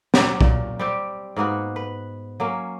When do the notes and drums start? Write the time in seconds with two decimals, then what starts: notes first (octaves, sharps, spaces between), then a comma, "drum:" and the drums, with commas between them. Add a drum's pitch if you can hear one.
0.14 F#3 G4, drum: snare
0.41 A#2, drum: kick
0.79 G3 C4 G4
1.36 G#2 A#3 B3 F#4
1.76 B4
2.40 F#3 A#3 C#4